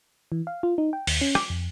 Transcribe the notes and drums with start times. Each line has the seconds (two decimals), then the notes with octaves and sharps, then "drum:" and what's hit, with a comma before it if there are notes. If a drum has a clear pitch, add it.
0.32 E3
0.47 F5
0.63 F4
0.78 D#4
0.93 G5
1.07 D#2, drum: open hi-hat
1.21 C#4
1.35 D6, drum: rim click
1.50 F2